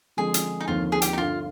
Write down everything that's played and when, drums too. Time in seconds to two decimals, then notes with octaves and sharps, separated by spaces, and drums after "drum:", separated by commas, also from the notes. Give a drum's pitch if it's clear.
0.17 D3 F3 G#3 C4 G#4
0.34 drum: hi-hat
0.60 D#4
0.68 D#2 D3 F3 C4 F4
0.92 G#4
1.02 G4, drum: hi-hat
1.13 D#4
1.18 G1 G2 D3 F4